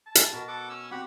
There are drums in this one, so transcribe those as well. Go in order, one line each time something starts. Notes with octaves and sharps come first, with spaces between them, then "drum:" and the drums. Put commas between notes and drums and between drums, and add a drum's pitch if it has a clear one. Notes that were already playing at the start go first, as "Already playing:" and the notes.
A5
drum: hi-hat
B2 B3 A#4
A4 F#5 D6
C#4 E6
C4 F#4 G4 F#5 B5